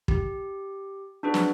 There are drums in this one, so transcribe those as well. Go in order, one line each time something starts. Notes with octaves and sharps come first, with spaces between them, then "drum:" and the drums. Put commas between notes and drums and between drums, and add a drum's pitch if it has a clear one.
G4, drum: kick
D4 F#4 G#4 B4
drum: snare